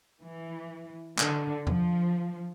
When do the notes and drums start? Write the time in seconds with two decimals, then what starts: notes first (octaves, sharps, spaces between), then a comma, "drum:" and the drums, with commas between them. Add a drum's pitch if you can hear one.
0.22 E3
1.19 D3, drum: clap
1.67 F3, drum: tom E2